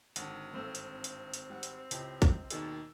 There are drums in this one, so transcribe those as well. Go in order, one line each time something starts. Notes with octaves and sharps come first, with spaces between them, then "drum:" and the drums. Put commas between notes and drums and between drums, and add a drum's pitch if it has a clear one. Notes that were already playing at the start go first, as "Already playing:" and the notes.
G#1 D3 F#5, drum: hi-hat
G2 A3 C4 E6
drum: hi-hat
drum: hi-hat
drum: hi-hat
G3 F#5
drum: hi-hat
C#2 A2 G4 G5, drum: hi-hat
drum: kick, hi-hat
D#2 B2 D#3 G#4 D5 E6, drum: hi-hat